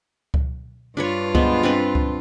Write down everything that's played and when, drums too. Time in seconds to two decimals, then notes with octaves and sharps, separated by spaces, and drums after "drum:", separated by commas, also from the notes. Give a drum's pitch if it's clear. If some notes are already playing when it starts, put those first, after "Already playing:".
0.34 drum: kick C#2
0.97 G2 D4 F4 B4 C#5
1.35 G#3 B3 C5, drum: kick C#2
1.63 C4 D4 B4
1.95 drum: kick C#2